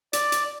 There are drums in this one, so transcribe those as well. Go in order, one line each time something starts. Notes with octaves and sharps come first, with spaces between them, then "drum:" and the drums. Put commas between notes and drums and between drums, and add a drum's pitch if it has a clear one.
D5, drum: hi-hat
drum: hi-hat